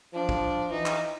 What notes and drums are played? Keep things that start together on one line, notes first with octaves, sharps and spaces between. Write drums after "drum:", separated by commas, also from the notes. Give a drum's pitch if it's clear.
F3 D4
drum: kick
E3 D#4
drum: clap